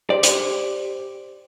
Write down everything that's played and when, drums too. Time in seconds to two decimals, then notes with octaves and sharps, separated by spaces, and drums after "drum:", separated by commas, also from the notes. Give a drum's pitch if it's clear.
0.10 G4 C5 D5
0.23 drum: hi-hat